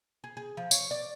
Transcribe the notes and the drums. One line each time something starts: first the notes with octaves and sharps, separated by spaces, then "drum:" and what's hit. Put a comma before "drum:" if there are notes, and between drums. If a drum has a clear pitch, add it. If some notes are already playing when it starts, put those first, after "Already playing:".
G#4
G#4
F3
C#5, drum: tambourine
D5